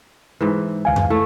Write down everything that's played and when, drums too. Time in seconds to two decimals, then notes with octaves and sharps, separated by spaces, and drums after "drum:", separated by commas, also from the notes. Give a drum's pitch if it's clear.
0.41 G#2 E3
0.85 D2 F5 G#5
0.96 drum: tom F2
1.10 A3 E4